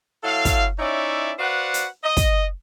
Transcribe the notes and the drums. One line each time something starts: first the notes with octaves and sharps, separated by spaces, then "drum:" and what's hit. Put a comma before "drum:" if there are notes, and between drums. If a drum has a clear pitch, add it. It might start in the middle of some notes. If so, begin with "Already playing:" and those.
F#3 E4 A4 F5
drum: kick, hi-hat
C#4 D#4 E4 C#5 D5 E5
F#4 B4 C5 D5 F5 F#5
drum: hi-hat
D#5
drum: kick, hi-hat